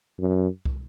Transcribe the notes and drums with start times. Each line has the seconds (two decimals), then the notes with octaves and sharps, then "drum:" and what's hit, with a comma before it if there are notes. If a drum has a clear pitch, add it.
0.20 F#2
0.65 drum: kick